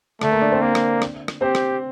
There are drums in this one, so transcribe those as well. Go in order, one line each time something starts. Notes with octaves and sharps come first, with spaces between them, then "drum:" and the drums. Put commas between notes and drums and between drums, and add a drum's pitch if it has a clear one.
D3 A3 D4, drum: rim click
A#3 A#4
D4 D5
C4 C5
A#3 D4 D5
drum: rim click
drum: rim click
drum: rim click
C4 G4 C5
drum: rim click